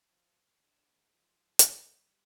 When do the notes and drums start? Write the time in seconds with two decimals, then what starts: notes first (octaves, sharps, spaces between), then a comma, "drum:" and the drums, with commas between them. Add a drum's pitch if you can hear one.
0.11 F3
0.60 D2 G#2 D4
1.14 F3
1.59 drum: hi-hat
1.86 G3